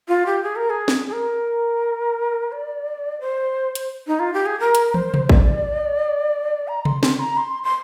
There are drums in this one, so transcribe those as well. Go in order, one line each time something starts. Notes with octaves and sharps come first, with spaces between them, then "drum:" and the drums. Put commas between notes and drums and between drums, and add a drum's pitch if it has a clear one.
F4
G4
G#4
A#4
G#4
drum: snare
G#4
A#4
D5
C5
drum: hi-hat
D#4
F4
G4
G#4
A#4
drum: hi-hat
C5, drum: tom
drum: tom C3
D5, drum: kick
A#5
C6, drum: tom C3
C6, drum: snare
A#5
C6
C6